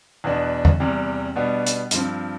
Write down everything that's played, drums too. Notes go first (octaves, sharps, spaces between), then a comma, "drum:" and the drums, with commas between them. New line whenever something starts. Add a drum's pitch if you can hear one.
E2 B2 B3 D4
drum: tom E2
E2 C3 G3
B2 G3 B3 D4
drum: hi-hat
G2 F3 C4, drum: hi-hat